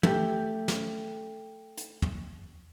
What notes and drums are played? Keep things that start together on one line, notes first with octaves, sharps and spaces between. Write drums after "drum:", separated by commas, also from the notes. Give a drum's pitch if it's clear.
A3 G4, drum: tom
drum: snare
drum: hi-hat
drum: tom